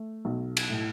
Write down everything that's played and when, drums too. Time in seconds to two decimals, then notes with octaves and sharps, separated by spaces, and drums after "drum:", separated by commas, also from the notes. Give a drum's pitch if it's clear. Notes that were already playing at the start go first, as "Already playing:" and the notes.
Already playing: A3
0.25 B1
0.57 drum: cymbal
0.70 A2